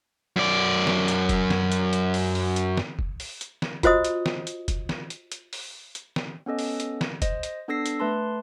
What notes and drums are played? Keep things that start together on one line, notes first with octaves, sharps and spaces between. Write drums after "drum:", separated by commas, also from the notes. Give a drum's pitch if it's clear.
F#2 D5
drum: snare
drum: hi-hat
drum: kick, hi-hat
drum: snare
drum: hi-hat
drum: hi-hat
drum: open hi-hat
drum: open hi-hat
drum: hi-hat
drum: snare
drum: kick
drum: open hi-hat
drum: hi-hat
drum: snare
F4 F#4 C5 D#5 D#6, drum: kick, hi-hat
drum: hi-hat
drum: snare
drum: hi-hat
drum: kick, hi-hat
drum: snare
drum: hi-hat
drum: hi-hat
drum: open hi-hat
drum: hi-hat
drum: snare
B3 C#4 A4 D#5
drum: open hi-hat
drum: hi-hat
drum: snare
C5 D#5, drum: kick, hi-hat
drum: hi-hat
B3 D4 A4 E6 A#6 C7
drum: hi-hat
A3 B4 A5 C6